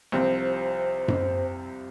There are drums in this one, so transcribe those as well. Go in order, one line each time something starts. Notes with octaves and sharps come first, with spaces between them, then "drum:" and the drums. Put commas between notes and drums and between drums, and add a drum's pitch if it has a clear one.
C2 C3 F3 C4 F4 C5
drum: tom F#2